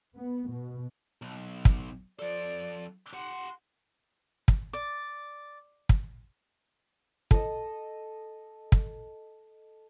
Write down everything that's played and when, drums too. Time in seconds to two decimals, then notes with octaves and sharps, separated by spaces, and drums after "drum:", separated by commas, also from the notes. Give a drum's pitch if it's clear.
0.15 B3
0.51 B2
1.22 B1
1.65 drum: kick
2.19 F3 A4 D5
3.13 G4 F#5 C6
4.48 drum: kick
4.73 D5
5.89 drum: kick
7.31 A4 D#5, drum: kick
8.72 drum: kick